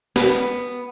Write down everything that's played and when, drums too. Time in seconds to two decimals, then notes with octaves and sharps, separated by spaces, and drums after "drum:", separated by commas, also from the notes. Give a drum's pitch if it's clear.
0.16 B3, drum: snare